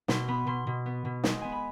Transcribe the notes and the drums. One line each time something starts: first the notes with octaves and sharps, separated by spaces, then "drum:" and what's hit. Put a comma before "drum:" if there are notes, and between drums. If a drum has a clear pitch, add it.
B2 C6, drum: snare
B3 B5
B2 C6
B2
B3
B2
G#3 C6, drum: snare
B3 G#5
B5